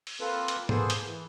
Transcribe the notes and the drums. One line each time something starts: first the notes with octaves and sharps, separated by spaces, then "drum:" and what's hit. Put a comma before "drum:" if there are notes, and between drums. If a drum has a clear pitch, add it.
drum: open hi-hat
A#3 C4 F4 A4 B4
drum: hi-hat
A#3 B3 G#4 A4 C5, drum: tom G#2
drum: hi-hat
E3